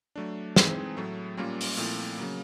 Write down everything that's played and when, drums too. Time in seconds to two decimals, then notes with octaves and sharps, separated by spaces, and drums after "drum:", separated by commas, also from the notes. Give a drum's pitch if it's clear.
0.16 F#3 A3 D4
0.56 E3 G#3 C4 D#4 G#4, drum: snare
0.97 A2 F#3 A3
1.37 A#2 G3 A#3 C#4 F4
1.61 drum: open hi-hat
1.77 A#2 F3 A3 C4 E4
2.18 C#3 F#3 A#3